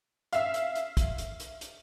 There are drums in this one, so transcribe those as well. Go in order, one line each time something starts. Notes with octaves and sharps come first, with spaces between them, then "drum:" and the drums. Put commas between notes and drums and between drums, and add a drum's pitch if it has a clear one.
E5 F5, drum: hi-hat
drum: hi-hat
drum: hi-hat
drum: kick, hi-hat
drum: hi-hat
drum: hi-hat
drum: hi-hat